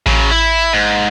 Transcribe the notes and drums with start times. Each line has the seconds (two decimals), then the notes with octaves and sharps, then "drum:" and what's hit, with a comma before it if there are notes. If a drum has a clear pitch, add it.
0.06 C#3 F#3, drum: kick A1
0.31 E4
0.73 G#2